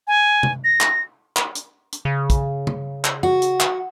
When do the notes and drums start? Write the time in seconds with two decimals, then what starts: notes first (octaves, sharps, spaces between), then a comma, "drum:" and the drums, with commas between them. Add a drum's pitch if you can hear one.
0.07 G#5
0.43 drum: tom
0.64 A#6
0.81 drum: clap
1.36 drum: clap
1.55 drum: hi-hat
1.92 drum: hi-hat
2.05 C#3
2.30 drum: kick, hi-hat
2.67 drum: tom
3.04 drum: clap
3.23 F#4
3.42 drum: hi-hat
3.60 drum: clap